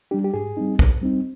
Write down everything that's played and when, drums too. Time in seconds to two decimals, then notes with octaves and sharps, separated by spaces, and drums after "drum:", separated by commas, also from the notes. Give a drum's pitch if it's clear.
0.11 G3 D4 G4
0.24 G4
0.34 G#2 G#4
0.57 G3 C4 D#4
0.79 G#2, drum: kick B1
1.01 G3 C4 D#4